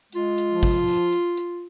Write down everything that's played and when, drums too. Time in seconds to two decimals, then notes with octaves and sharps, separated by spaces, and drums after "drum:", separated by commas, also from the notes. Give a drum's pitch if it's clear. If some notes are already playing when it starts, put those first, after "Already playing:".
0.12 G#3 F4, drum: hi-hat
0.38 drum: hi-hat
0.51 F3
0.63 drum: kick G#1, hi-hat
0.88 drum: hi-hat
1.13 drum: hi-hat
1.37 drum: hi-hat